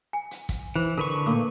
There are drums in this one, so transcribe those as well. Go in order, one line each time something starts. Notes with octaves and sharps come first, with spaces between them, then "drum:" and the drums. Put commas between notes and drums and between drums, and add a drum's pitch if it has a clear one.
G#5
drum: hi-hat
drum: kick, hi-hat
E3 C5
D3 A#4 B4 C#6
A#2 D#3 A3 A#4 D6